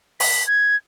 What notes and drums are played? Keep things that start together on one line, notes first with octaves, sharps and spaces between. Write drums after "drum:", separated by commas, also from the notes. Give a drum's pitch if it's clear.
B6, drum: open hi-hat
G#6